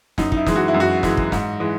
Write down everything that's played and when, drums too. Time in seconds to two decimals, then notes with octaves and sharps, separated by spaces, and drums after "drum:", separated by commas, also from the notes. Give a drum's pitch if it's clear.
0.18 F#2 D#4, drum: snare
0.32 D#4, drum: kick
0.37 E4
0.46 E3 G#3, drum: snare
0.56 F#4
0.68 E4
0.74 F#2
0.80 F#4
1.03 E3 G#3, drum: snare
1.17 drum: kick
1.32 G#2, drum: snare
1.60 E3 G#3